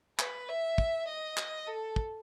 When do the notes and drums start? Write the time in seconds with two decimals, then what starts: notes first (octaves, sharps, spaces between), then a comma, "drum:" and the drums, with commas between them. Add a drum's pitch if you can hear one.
0.19 B4, drum: clap
0.49 E5
0.78 drum: kick
1.08 D#5
1.37 drum: clap
1.67 A4
1.96 drum: kick